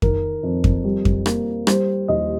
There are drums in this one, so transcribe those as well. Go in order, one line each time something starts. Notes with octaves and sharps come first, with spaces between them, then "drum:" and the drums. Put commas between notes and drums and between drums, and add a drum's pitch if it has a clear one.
D#3 A#4, drum: kick F2
F2
drum: kick F2
G3
drum: kick F2
A#3, drum: rim click
G3 C5, drum: rim click
D#2 D#5